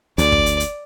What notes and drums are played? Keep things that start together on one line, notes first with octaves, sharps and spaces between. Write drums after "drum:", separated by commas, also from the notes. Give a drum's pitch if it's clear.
D2 D5, drum: hi-hat
drum: kick
drum: hi-hat
drum: hi-hat